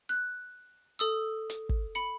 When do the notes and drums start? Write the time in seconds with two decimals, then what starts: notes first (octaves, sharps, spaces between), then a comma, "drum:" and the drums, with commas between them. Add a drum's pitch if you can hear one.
0.09 F#6
0.99 A4 D#6 E6
1.50 drum: hi-hat
1.69 drum: kick
1.95 B5 C#7